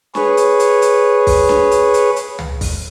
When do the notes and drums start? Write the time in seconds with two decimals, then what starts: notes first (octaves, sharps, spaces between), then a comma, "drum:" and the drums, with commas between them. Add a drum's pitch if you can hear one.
0.15 G#4 B4 C#5, drum: snare
0.37 drum: hi-hat
0.60 drum: hi-hat
0.82 drum: hi-hat
1.27 drum: kick, open hi-hat
1.49 drum: snare
1.71 drum: hi-hat
1.94 drum: hi-hat
2.16 drum: hi-hat
2.39 drum: tom
2.61 drum: kick, open hi-hat